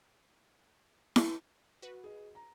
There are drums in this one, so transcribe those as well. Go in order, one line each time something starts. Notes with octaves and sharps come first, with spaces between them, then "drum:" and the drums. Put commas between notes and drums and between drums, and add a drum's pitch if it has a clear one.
drum: snare E4
F#4 B4
G#4 D#5
A#5